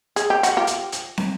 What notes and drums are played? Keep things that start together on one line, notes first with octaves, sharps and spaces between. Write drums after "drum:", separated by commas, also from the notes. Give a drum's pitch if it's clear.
G#4, drum: hi-hat
G4
F#4, drum: hi-hat
F4 G4
drum: hi-hat
drum: hi-hat
drum: snare